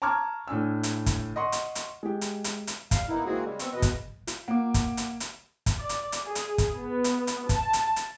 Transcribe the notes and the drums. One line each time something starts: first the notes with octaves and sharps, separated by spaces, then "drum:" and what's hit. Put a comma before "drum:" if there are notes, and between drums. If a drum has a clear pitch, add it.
A5 A#5 C#6 D6 F6 G#6
A2 D4 G#5 E6
drum: hi-hat
drum: kick, hi-hat
D#5 F#5 C6 C#6
drum: hi-hat
drum: hi-hat
G#3 G4
drum: hi-hat
drum: hi-hat
drum: hi-hat
G3 F5, drum: kick, hi-hat
A#3 B3 D#4 E4
E3 G#3 A#3 C4 F#4 G#4
C#3 G3 G#3
B3 C4 C#6 E6, drum: hi-hat
E2 B2 B4 D#5
drum: kick, hi-hat
F4, drum: hi-hat
A#3 F#5 D6
drum: kick, hi-hat
drum: hi-hat
drum: hi-hat
drum: kick, hi-hat
D5
drum: hi-hat
drum: hi-hat
G#4
drum: hi-hat
drum: kick, hi-hat
B3
drum: hi-hat
drum: hi-hat
A5, drum: kick, hi-hat
drum: hi-hat
drum: hi-hat